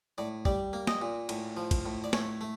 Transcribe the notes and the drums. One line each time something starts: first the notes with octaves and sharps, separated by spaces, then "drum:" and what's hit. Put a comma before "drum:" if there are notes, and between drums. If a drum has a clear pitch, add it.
A2 D5
G3 D5, drum: kick
A#3
D#5, drum: snare
A#2
A2, drum: cymbal
F3
drum: kick, cymbal
A2
D5
A3 C#5, drum: snare
A3